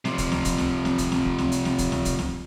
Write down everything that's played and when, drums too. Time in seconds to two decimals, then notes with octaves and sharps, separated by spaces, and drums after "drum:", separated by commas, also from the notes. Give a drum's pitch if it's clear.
0.05 C3 F3, drum: snare C4
0.18 drum: kick C#2, hi-hat
0.32 drum: snare C4
0.45 drum: kick C#2, hi-hat
0.58 drum: snare C4
0.85 drum: snare C4
0.98 drum: kick C#2, hi-hat
1.12 drum: snare C4
1.25 drum: kick C#2
1.38 drum: snare C4
1.52 drum: hi-hat
1.65 drum: snare C4
1.79 drum: kick C#2, hi-hat
1.92 drum: snare C4
2.05 drum: kick C#2, hi-hat
2.19 drum: snare C4